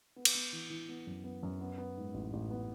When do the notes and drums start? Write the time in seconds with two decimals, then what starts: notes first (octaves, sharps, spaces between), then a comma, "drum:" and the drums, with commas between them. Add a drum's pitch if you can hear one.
0.16 B3
0.25 drum: cymbal
0.35 B3
0.53 E3
0.70 E3
0.89 B3
1.07 F#2
1.24 B3
1.43 F#2
1.61 B3
1.78 B3
1.97 G#2
2.14 A1
2.33 A1
2.51 B3